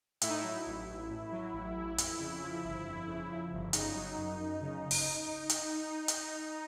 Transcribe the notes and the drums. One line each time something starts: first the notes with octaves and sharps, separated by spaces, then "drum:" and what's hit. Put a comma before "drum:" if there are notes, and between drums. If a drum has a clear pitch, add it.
A2 E4, drum: hi-hat
D#4
F#3 E4
A1
A1
A2
F#3
A1
A1
F2, drum: hi-hat
C#3
F3
G1
F2
C#3
F3
G1
C#3 D#4, drum: hi-hat
F#3
F#2
F#2
C#3
drum: open hi-hat
drum: hi-hat
drum: hi-hat